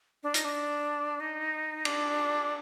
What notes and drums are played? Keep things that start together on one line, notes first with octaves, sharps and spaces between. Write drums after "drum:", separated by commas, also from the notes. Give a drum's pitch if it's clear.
D4
D#4, drum: hi-hat
D4
D#4
D4, drum: cymbal